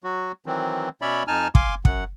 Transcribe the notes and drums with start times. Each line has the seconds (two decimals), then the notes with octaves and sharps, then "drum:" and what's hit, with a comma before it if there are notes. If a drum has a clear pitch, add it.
0.04 F#3 F#4
0.46 D#3 E3 F#3 C4
1.02 B2 C#4 C#5 D5 E5 B5
1.28 F2 D#4 G#5 A5 F6
1.55 F5 G#5 C6 D6, drum: kick
1.85 F#2 F#5, drum: kick